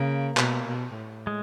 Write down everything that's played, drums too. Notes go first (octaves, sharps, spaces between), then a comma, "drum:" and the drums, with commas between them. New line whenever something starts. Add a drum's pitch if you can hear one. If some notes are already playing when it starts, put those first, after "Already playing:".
Already playing: C#3 A#3
B2, drum: clap
B2
A2
G#3